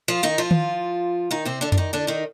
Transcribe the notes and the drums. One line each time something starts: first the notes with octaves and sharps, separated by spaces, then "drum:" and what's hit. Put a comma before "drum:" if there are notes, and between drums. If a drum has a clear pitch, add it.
F3 F4
D#3 D#4
F3 F4
drum: tom D#3
D#3 D#4
C3 C4
D3 D4
D4, drum: tom F2
D#3 D#4
D3 D4
D#3 D#4